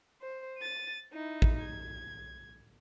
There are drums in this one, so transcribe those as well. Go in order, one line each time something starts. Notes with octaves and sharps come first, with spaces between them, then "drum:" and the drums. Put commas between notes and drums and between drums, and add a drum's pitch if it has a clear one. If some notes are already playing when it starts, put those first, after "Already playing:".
C5
A6 D#7
D#4 E4
drum: kick A1
G#6